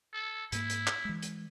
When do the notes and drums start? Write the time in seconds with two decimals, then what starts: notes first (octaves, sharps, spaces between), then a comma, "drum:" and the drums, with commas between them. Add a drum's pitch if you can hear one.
0.13 A4
0.52 G#2 A#3 E4, drum: hi-hat
0.70 drum: hi-hat
0.87 drum: clap
1.05 E3 G#3
1.23 drum: hi-hat